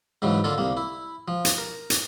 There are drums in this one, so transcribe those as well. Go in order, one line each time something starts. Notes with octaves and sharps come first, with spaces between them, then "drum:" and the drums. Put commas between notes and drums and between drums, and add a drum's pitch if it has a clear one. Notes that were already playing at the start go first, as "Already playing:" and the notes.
G#2 C#3 E3 F#3
D3 A#3 F4 A4
C2 A#3
E4
F3
drum: hi-hat
A#4
drum: hi-hat